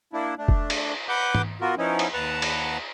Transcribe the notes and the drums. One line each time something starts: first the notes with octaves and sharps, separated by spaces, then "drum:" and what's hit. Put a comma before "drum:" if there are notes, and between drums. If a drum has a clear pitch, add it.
A#3 D4 E4
A3 D4
drum: kick
drum: cymbal
B4 F#5 D6 G6
drum: tom G#2
B3 F4 F#4 A#4
F3 B3 C#4 D#4 E4
drum: cymbal
D#2 B4 F#5 A5 A#5
drum: cymbal